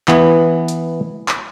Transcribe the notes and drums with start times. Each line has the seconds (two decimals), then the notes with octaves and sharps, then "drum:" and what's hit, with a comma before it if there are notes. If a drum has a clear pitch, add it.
0.08 E3 B3, drum: clap
0.68 drum: hi-hat
1.29 drum: clap